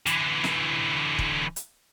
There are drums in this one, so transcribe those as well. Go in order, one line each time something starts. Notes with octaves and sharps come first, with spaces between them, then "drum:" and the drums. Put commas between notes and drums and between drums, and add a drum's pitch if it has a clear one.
D3 E3, drum: hi-hat
drum: snare
drum: kick
drum: hi-hat